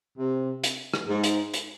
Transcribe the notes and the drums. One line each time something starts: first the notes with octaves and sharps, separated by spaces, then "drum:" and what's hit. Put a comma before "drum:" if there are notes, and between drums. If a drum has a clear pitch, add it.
C3
drum: hi-hat
drum: rim click
G#2
drum: hi-hat
drum: hi-hat